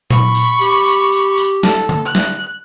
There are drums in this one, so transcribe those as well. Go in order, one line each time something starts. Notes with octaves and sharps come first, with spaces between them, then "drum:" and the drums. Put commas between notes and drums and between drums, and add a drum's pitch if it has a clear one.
B5 C#6, drum: tom A#2
drum: tambourine
G4, drum: tambourine
drum: tambourine
drum: tambourine
drum: tambourine
A4, drum: snare
drum: tom D3
F#6
drum: snare